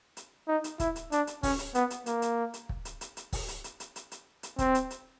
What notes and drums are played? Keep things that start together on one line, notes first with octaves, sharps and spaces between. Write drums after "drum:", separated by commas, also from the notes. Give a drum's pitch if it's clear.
drum: hi-hat
D#4
drum: hi-hat
E4, drum: kick, hi-hat
drum: hi-hat
D4, drum: hi-hat
drum: hi-hat
C#4, drum: kick, open hi-hat
drum: hi-hat
B3, drum: hi-hat
drum: hi-hat
A#3, drum: hi-hat
drum: hi-hat
drum: hi-hat
drum: kick
drum: hi-hat
drum: hi-hat
drum: hi-hat
drum: kick, open hi-hat
drum: hi-hat
drum: hi-hat
drum: hi-hat
drum: hi-hat
drum: hi-hat
drum: hi-hat
C4, drum: kick, hi-hat
drum: hi-hat
drum: hi-hat